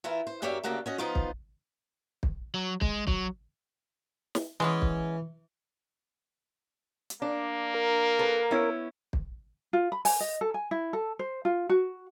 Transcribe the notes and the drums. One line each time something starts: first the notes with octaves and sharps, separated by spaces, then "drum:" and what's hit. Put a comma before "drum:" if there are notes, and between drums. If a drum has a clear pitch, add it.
E3 E4 F4 A#4
C5
F#2 A#3 G4 C#5 D5 E5
D2 C#3 A#3 F#4 G4 A4
C#4 F#4 D#5
F3 B3 D#4 F4 C5
drum: kick
drum: kick
F#3
G#3, drum: kick
F#3, drum: kick
drum: snare
E3 G#3 B3 C#4
drum: kick
drum: hi-hat
A#3 D4
A#4
A4 B4
B3 C#4 E4
drum: kick
F4
B5
G#5, drum: open hi-hat
D#5
A4
G#5
E4
A4
C5
F4
F#4